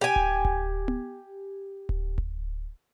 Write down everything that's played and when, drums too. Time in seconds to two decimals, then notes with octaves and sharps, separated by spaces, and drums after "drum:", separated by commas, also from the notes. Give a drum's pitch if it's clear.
0.01 G4 G#5
0.16 drum: kick D1
0.45 drum: kick D1
0.88 drum: tom B3
1.89 drum: kick D1
2.18 drum: kick D1